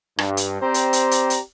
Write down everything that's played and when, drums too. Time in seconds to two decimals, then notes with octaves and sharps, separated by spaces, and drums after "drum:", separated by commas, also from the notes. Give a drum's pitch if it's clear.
0.19 G2, drum: rim click
0.37 drum: hi-hat
0.62 C4 G4 C5 D5 A#5
0.74 drum: hi-hat
0.93 drum: hi-hat
1.11 drum: hi-hat
1.30 drum: hi-hat